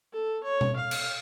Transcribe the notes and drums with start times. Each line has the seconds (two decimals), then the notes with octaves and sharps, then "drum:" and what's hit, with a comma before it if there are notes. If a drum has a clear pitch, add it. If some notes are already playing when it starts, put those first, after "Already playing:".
0.13 A4
0.44 C#5
0.61 drum: tom B2
0.77 F5
0.91 drum: cymbal